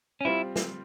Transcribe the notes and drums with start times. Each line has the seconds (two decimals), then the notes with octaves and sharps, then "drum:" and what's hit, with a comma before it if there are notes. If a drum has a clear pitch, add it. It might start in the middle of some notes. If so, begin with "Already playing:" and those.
0.21 C#4
0.25 G3 C4 E4 F4
0.56 drum: snare